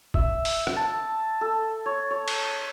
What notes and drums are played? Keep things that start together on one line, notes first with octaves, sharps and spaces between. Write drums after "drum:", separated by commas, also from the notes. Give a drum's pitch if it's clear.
E5, drum: kick
drum: open hi-hat
drum: rim click
A5
A4
C#5
C#5
drum: cymbal